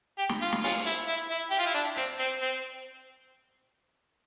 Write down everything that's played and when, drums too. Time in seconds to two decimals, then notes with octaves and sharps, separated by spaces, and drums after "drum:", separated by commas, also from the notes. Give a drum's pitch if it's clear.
0.18 G4
0.29 drum: snare
0.41 F4
0.53 drum: snare
0.64 F4, drum: open hi-hat
0.86 E4
1.08 E4
1.31 E4
1.51 G4
1.59 F4
1.66 E4
1.74 D4
1.96 C4, drum: hi-hat
2.19 C4
2.42 C4